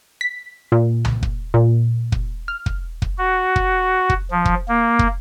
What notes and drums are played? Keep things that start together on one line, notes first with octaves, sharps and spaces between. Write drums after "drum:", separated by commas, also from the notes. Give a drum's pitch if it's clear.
B6
A#2
drum: tom
drum: kick
A#2
drum: kick
F6
drum: kick
drum: kick
F#4
drum: kick
drum: kick
F3
drum: kick
A#3
drum: kick